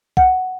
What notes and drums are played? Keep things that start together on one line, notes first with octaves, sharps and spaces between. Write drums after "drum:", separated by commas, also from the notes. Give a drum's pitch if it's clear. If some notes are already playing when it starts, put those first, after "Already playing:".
F#5, drum: kick